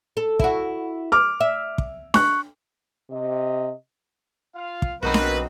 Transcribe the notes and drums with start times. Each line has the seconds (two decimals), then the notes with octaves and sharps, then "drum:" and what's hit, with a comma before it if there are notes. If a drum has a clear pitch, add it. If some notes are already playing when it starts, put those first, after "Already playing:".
0.17 A4
0.40 E4 F#4, drum: kick
1.12 D6 F6
1.41 E5
1.78 drum: kick
2.14 C#6 F#6, drum: snare D4
3.10 C3 D#5
4.56 F4 F5
4.82 drum: kick
5.02 B1 C4 D#4 F#4 A#4 B4
5.14 drum: snare D4